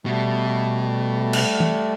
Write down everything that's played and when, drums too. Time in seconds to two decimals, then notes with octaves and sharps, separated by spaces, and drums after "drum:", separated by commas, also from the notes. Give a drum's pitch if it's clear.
0.06 B2 G3 A3
1.33 drum: cymbal
1.60 drum: tom E3